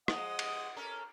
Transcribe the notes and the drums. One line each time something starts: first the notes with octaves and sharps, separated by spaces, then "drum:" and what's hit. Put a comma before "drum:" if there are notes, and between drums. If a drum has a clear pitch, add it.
F3 G#3 D#5 F#5, drum: rim click
drum: cymbal
C#4 A4 A#4